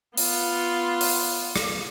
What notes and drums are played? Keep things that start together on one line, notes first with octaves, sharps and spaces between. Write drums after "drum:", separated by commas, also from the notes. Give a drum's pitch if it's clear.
B3 F4, drum: open hi-hat
drum: open hi-hat
drum: rim click